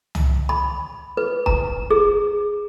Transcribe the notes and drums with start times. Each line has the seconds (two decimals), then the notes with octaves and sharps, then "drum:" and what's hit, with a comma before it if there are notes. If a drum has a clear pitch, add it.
0.15 drum: tom
0.49 B5
1.17 B4
1.46 A#5, drum: kick
1.90 G#4